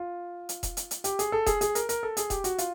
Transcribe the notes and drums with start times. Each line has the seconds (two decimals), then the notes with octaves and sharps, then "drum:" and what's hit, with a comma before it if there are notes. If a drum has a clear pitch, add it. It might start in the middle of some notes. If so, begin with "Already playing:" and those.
Already playing: F4
0.49 drum: hi-hat
0.63 drum: kick E1, hi-hat
0.77 drum: hi-hat
0.91 drum: hi-hat
1.04 G4, drum: hi-hat
1.19 G#4, drum: hi-hat
1.32 A4
1.46 G#4, drum: kick E1, hi-hat
1.61 G#4, drum: hi-hat
1.75 A#4, drum: hi-hat
1.89 A#4, drum: hi-hat
2.03 A4
2.17 G#4, drum: hi-hat
2.30 G4, drum: kick E1, hi-hat
2.44 F#4, drum: hi-hat
2.58 F4, drum: hi-hat